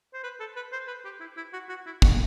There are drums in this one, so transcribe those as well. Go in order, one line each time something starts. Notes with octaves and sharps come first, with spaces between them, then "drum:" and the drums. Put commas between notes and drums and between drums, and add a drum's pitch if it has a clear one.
C5
B4
A4
B4
C5
B4
G4
E4
E4
F#4
F#4
E4
F#4, drum: kick